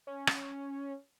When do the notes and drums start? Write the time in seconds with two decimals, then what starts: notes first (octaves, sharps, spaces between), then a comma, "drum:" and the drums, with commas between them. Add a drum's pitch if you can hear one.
0.07 C#4
0.27 drum: rim click